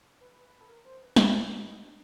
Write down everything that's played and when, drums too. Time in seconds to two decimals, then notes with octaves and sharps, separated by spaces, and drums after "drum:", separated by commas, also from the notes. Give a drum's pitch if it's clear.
0.20 B4
0.44 B4
0.61 A4
0.68 A#4
0.85 C5
1.01 B4
1.16 G4, drum: snare
1.33 G4
1.50 F#4
1.65 D#4
1.81 D4